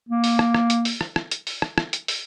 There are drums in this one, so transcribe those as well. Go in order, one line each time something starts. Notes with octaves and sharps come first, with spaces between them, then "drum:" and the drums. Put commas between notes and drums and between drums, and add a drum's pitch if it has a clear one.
A#3
drum: open hi-hat
drum: rim click
drum: rim click
drum: hi-hat
drum: open hi-hat
drum: rim click
drum: rim click
drum: hi-hat
drum: open hi-hat
drum: rim click
drum: rim click
drum: hi-hat
drum: open hi-hat